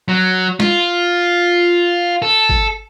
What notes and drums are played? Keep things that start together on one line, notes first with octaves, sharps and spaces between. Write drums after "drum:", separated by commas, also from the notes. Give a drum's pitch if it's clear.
F#3
F4, drum: snare
A4
drum: kick G#1